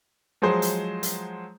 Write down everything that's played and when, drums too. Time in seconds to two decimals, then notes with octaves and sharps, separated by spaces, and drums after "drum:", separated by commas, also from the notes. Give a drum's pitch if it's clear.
0.42 F3 F#3 G#3 G#4 C5
0.62 drum: hi-hat
1.03 drum: hi-hat